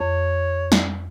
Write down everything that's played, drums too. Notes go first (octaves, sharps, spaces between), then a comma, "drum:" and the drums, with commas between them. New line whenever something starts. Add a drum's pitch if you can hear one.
F2 C#5
drum: snare